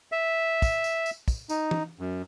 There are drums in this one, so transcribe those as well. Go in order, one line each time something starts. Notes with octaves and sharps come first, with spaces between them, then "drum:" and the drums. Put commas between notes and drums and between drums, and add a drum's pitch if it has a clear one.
E5
drum: kick, tambourine
drum: tambourine
drum: tambourine
drum: kick, tambourine
D#4, drum: tambourine
drum: tom
F#2